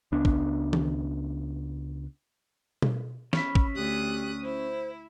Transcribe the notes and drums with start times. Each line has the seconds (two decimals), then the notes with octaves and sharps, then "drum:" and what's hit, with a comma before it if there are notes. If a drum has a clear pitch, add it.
0.12 C#2 B3 D4
0.25 drum: kick
0.73 drum: tom D#3
2.82 drum: tom B2
3.33 C#4 E5 B5, drum: snare
3.55 drum: kick
3.75 D2 G4 D#6 F#6
4.44 E4 C5